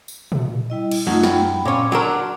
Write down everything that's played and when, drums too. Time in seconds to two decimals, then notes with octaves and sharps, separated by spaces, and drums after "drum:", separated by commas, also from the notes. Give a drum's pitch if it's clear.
0.08 drum: tambourine
0.32 drum: tom A#2
0.70 G3 E4 D#5
0.91 drum: cymbal
1.07 F#2 F#3 A3 D#4 F4
1.23 G5 B5, drum: snare
1.65 A#2 C#4 C6 D6
1.92 F#3 D4 A#4